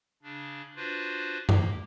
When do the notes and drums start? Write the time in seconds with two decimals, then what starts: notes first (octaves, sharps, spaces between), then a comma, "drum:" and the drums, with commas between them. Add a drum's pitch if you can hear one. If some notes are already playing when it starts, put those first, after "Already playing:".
0.23 C#3 D4
0.76 D4 F4 F#4 B4 C5
1.49 A#3 G4, drum: tom F#2